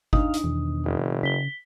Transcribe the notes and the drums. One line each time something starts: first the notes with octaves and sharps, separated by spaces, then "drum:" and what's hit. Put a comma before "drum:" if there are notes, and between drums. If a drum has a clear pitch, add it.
D4 D#4 F5 D#6, drum: kick G1
drum: hi-hat
E2 B2 D#3
F#1
C#3 B6 G7